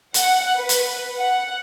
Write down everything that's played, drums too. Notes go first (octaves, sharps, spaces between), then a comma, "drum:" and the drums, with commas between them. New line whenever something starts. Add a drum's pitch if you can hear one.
F#5, drum: hi-hat
B4
drum: hi-hat
F#5